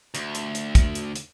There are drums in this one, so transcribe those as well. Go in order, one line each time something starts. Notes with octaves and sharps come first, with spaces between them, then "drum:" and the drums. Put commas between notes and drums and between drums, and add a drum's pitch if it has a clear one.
D2, drum: hi-hat
drum: hi-hat
drum: hi-hat
drum: kick, hi-hat
drum: hi-hat
drum: hi-hat